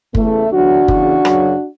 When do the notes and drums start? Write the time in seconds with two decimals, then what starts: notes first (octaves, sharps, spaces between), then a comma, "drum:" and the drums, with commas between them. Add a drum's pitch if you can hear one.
0.15 E2 C#3 E3 A3, drum: kick
0.51 E2 D3 F#3 D4 F#4
0.88 E2 C#3 E3, drum: kick
1.25 F#2 C#3 F#3, drum: rim click